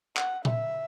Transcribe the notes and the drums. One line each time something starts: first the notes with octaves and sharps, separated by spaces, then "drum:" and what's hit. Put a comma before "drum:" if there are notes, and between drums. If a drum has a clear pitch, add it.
F#5, drum: clap
E5, drum: tom A#2